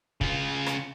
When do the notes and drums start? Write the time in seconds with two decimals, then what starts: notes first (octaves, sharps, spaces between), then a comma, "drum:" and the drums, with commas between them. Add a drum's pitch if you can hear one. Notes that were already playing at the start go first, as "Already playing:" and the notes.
0.21 C#3 F4, drum: kick
0.66 drum: rim click